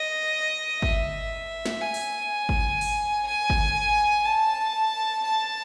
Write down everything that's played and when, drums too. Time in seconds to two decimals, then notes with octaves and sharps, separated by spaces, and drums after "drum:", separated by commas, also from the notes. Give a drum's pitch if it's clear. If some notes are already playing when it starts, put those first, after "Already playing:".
Already playing: D#5
0.82 E5, drum: kick G1
1.66 drum: snare
1.81 G#5
1.94 drum: open hi-hat
2.49 drum: kick G1
2.81 drum: open hi-hat
3.27 G#5
3.50 drum: kick G1
4.25 A5
5.24 A5